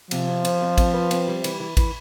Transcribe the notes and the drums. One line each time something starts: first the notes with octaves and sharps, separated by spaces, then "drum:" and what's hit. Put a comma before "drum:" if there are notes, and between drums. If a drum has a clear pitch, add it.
C3 F3, drum: cymbal
F2
F2, drum: cymbal
F2
C4, drum: kick, cymbal
B4
C4, drum: cymbal
G3
E3, drum: cymbal
E3
E3, drum: kick, cymbal